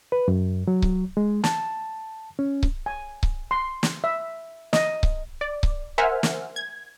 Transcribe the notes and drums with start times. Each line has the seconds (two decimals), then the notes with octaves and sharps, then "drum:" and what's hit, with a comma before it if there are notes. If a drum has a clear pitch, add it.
0.12 B4
0.28 F#2
0.68 F#3
0.82 drum: kick C#1
1.17 G#3
1.44 A5, drum: snare
2.39 C#4
2.63 drum: kick C#1
2.86 G#5
3.23 drum: kick C#1
3.51 C6
3.83 drum: snare
4.04 E5
4.73 D#5, drum: snare
5.03 drum: kick C#1
5.41 D5
5.63 drum: kick C#1
5.98 A#4 C5 E5 F#5 G#5 F6
6.23 drum: snare
6.56 G#6